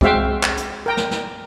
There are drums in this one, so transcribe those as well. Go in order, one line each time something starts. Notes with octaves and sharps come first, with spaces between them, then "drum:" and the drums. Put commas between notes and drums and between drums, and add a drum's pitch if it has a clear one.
G#3 C4 F#4 E5 F5 G5, drum: kick C2
drum: clap
drum: hi-hat
A#4 G5 A#5
drum: snare
drum: snare